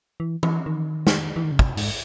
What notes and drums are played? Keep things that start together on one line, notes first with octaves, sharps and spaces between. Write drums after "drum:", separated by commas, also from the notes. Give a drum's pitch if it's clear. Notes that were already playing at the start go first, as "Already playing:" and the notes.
E3
E3, drum: tom
D#3
drum: snare
E3
D#3
C#3
C3, drum: kick
G#2, drum: open hi-hat